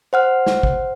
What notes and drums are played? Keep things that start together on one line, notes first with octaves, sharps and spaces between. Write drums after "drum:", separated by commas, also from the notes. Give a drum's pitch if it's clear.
C5 F#5 F6
drum: snare
drum: kick